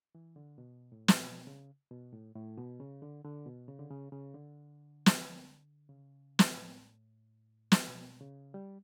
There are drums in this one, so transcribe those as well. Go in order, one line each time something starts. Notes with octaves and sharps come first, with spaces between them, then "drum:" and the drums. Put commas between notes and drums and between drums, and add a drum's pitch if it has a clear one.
E3
D3
B2
A2
drum: snare
B2
C#3
B2
A2
A2
B2
C#3
D3
D3
B2
C#3
D3
C#3
C#3
D3
drum: snare
C#3
drum: snare
A2
drum: snare
B2
C#3
G3